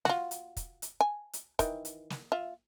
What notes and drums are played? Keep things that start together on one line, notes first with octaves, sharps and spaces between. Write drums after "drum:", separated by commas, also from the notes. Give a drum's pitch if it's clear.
F4 F#4, drum: snare
drum: hi-hat
drum: kick, hi-hat
drum: hi-hat
G#5
drum: hi-hat
D#3 E3, drum: kick, hi-hat
drum: hi-hat
drum: snare
F4 E5